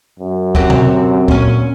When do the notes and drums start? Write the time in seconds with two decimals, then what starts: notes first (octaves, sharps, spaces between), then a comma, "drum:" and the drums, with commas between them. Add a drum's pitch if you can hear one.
0.20 F#2
0.55 C4 F#4 G4, drum: kick
0.70 drum: tom B2
1.28 A#2 C#4, drum: kick